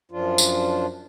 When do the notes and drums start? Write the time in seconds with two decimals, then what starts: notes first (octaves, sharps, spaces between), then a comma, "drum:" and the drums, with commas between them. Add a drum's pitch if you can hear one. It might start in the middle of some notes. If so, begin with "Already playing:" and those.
0.11 F#2 F3 D4 F4
0.38 drum: tambourine